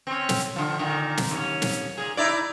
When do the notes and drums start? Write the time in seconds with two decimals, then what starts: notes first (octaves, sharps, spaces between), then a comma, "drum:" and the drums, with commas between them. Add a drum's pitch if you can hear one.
0.07 C4 C#4
0.29 drum: snare
0.56 D3 F3
0.79 A#2 D3 D#3
1.17 drum: snare
1.31 D#2 C#4
1.62 drum: snare
1.97 A#2 G#4
2.17 D#4 E4 D5